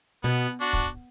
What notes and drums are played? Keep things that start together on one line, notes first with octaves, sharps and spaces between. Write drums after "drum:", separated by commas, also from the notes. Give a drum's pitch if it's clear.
B2 B3
D4 F#4
drum: kick